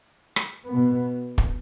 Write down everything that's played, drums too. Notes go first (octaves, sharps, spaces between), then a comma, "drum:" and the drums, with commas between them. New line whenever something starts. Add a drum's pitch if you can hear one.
drum: rim click
B2 B3
drum: kick